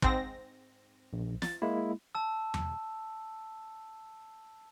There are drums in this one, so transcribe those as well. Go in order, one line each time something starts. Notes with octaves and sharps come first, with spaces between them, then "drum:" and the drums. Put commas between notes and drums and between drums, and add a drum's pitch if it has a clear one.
G#2 C4 A#6, drum: kick
A#1
A6, drum: snare
G#3 A#3 E4
A5 E6
drum: tom E2